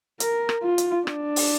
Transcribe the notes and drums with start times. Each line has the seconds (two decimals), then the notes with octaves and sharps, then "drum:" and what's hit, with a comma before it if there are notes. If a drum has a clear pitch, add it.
0.20 A#4, drum: hi-hat
0.49 drum: rim click
0.63 F4
0.78 drum: hi-hat
1.07 D4, drum: rim click
1.36 drum: open hi-hat